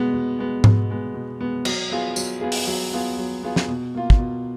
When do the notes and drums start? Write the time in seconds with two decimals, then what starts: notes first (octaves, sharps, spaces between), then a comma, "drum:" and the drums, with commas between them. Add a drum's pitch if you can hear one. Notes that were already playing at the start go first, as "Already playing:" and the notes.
Already playing: B2 G#3 B3
0.14 B2
0.39 G#3 B3
0.64 B2, drum: tom G#2
0.90 G#3 B3
1.14 B2
1.41 G#3 B3
1.65 F#3, drum: cymbal
1.92 B3 F4 G#4
2.16 F#3, drum: tambourine
2.41 B3 F4 G#4
2.52 drum: open hi-hat
2.67 F#3
2.93 B3 F4 G#4
3.18 F#3
3.43 B3 F4 G#4
3.56 drum: snare
3.68 B2
3.95 A#3 F4
4.10 drum: kick
4.19 B2